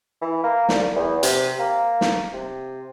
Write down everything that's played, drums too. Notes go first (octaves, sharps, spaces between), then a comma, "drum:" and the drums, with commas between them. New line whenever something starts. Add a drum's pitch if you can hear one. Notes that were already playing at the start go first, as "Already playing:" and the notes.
E3
A#3
C2, drum: snare
E2
C3, drum: hi-hat
A#3
drum: snare
C3